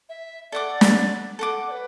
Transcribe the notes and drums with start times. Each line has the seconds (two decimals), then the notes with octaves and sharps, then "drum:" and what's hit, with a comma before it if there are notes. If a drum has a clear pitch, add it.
0.09 E5
0.52 A4 D5 F#5 D6
0.81 drum: snare
1.39 A4 F#5 D6
1.67 D5
1.71 B4